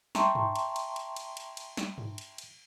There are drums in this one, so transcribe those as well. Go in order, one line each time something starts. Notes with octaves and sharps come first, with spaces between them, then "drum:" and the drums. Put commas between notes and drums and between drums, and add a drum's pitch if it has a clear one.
E5 G5 A5 A#5 C6 C#6, drum: snare
drum: tom G2
drum: cymbal
drum: cymbal
drum: cymbal
drum: cymbal
drum: cymbal
drum: cymbal
drum: snare
drum: tom G2
drum: cymbal
drum: cymbal